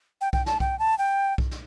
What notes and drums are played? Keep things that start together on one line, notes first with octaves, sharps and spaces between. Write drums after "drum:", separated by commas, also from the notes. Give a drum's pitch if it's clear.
G5
G5, drum: kick B1
A5, drum: snare
G5, drum: kick B1
A5
G5
drum: kick B1
drum: snare